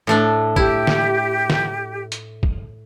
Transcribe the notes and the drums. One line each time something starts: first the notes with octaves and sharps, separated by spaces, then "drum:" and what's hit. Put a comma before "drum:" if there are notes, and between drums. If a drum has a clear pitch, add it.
A2 A3 D4
E4 G4, drum: kick
drum: snare
drum: snare
drum: hi-hat
drum: kick